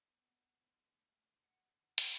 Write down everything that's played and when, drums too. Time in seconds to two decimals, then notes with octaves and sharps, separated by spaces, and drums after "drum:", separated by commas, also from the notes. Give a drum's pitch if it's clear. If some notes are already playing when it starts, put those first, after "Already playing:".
0.08 B3
0.31 B3
0.54 D3
0.76 A3
0.99 A3
1.21 D3
1.43 G#3 F#5
1.66 D3
1.89 D3
1.98 drum: hi-hat